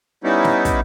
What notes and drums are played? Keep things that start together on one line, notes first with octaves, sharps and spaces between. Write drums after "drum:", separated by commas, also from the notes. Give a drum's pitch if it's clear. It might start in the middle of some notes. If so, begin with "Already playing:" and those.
G3 B3 C#4 D#4 E4
drum: snare
drum: kick, hi-hat